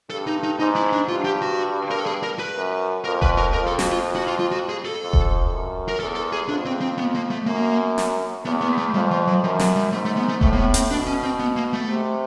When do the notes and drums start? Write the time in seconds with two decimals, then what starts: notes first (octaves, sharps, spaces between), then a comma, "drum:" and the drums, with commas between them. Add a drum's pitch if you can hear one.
0.10 G2 A4
0.27 D#4
0.43 D#4
0.59 G#2 D#4
0.76 E4
0.92 D4
1.08 G2 F4
1.25 G4
1.42 F#4
1.91 A#4
2.00 A4
2.06 G#4
2.23 A#4
2.39 B4
2.56 F#2
3.04 F2 A#4
3.22 B4, drum: kick E1
3.38 A#4
3.53 F2 A#4
3.67 A4
3.79 F#4, drum: snare
3.91 F4
4.16 F#4
4.27 F4
4.40 F4
4.51 F#4
4.69 G#4
4.85 A4
5.01 F2
5.13 drum: kick E1
5.51 F#2
5.88 A#4
5.99 E2 A4
6.15 A4
6.33 G#4
6.48 F2 D4
6.65 C4
6.81 C4
6.98 B3
7.15 A#3
7.30 A3
7.46 F#2 A#3
7.98 drum: snare
8.45 E2 B3
8.61 B3
8.77 A3
8.94 F2 G3
9.11 F3
9.27 F#3
9.43 F#2 F3
9.59 F#3, drum: snare
9.76 G3
9.92 G#2 A3
10.05 A3
10.17 B3
10.29 A3
10.41 A2 A3, drum: kick E1
10.53 A#3
10.58 B3
10.74 C4, drum: hi-hat
10.91 B2 D4
11.06 C#4
11.23 C4
11.39 B3
11.56 A#3
11.73 A3
11.88 C3